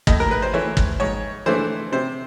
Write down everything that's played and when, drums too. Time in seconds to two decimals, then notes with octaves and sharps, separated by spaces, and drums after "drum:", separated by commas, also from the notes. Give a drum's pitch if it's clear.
0.07 A2 D#5, drum: kick
0.20 A#4
0.31 B4
0.42 C5
0.53 E3 A3 C#5
0.77 drum: kick
1.00 G#2 C#5
1.46 E3 A3 D4 C5
1.92 C3 C5